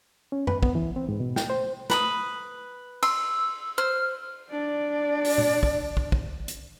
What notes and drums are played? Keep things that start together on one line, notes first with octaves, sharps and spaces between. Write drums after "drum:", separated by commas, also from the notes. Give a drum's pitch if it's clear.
C#4
B4, drum: tom F#2
B3, drum: kick
E3
C4
G#2
B2
G5, drum: snare
C5
B4 B5 D#6, drum: snare
C6 E6, drum: cymbal
C5 F6
D4 D5
drum: open hi-hat
drum: tom A#2
drum: kick
drum: kick
drum: kick
drum: hi-hat